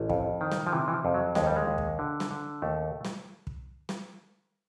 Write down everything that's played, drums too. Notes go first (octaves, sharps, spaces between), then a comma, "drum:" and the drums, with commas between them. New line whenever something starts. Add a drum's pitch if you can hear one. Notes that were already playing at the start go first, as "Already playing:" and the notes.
Already playing: A1
F2, drum: kick
D#3
drum: snare
F3
C3 E3
E3
F3
F2
F#3
D#2 G#3, drum: snare
G3
G#3
D#2
drum: kick
D3
drum: snare
D3
D#2 A3
drum: snare
drum: kick
drum: snare